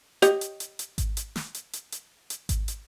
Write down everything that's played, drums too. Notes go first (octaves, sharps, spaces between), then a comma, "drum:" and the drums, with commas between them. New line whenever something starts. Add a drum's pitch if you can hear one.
G4 C#5 D#5, drum: hi-hat
drum: hi-hat
drum: hi-hat
drum: hi-hat
drum: kick G#1, hi-hat
drum: hi-hat
drum: snare
drum: hi-hat
drum: hi-hat
drum: hi-hat
drum: hi-hat
drum: kick G#1, hi-hat
drum: hi-hat